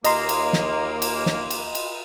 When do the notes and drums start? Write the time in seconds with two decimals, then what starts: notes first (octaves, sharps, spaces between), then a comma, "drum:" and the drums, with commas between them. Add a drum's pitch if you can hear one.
0.04 D#2 A#3 D#5 A#5 C6, drum: cymbal
0.29 drum: cymbal
0.53 drum: snare
1.02 drum: cymbal
1.26 drum: snare
1.50 drum: cymbal
1.75 drum: cymbal